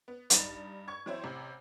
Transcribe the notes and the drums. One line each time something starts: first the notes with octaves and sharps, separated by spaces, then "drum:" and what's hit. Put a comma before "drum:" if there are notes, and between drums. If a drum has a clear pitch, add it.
B3
G2 D#4 A6, drum: hi-hat
C#6 G#6
E3 F#3 C4 E4 C#5
A1 C3